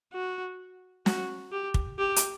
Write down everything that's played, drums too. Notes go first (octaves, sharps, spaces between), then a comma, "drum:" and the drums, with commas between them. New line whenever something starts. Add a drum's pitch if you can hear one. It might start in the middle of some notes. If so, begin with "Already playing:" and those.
F#4
F#4, drum: snare
G4
drum: kick
G4
drum: hi-hat